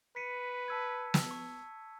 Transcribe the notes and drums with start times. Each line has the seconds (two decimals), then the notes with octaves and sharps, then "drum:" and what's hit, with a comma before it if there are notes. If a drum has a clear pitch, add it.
0.16 B4 B6 C#7 D#7
0.68 A5 E6 G#6
1.14 drum: snare
1.31 C#6